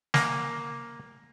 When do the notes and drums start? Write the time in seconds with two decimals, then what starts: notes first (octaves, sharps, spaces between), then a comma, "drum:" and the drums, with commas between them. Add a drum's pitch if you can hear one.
0.14 A#3, drum: snare